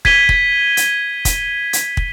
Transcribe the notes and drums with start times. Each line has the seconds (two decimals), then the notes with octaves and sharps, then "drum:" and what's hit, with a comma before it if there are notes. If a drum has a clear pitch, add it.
0.05 G#6 B6 D#7 G7, drum: kick
0.29 drum: kick
0.77 drum: hi-hat
1.25 drum: kick, hi-hat
1.73 drum: hi-hat
1.97 drum: kick